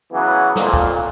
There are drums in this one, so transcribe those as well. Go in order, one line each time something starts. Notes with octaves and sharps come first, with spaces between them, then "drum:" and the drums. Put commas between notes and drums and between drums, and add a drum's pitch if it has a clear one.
C#3 E3 F#3 B3
F2 A#2, drum: snare
drum: kick